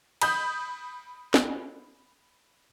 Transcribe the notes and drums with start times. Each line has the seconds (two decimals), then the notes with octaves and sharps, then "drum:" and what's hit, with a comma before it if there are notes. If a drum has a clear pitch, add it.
0.21 B5 D#6 G6, drum: cymbal
1.34 drum: snare